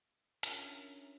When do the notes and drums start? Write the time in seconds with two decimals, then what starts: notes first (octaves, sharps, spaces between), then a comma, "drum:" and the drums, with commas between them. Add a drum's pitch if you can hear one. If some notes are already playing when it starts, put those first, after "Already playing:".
0.43 C#4 D4 F4 G#4 A#4 C#5 E5, drum: hi-hat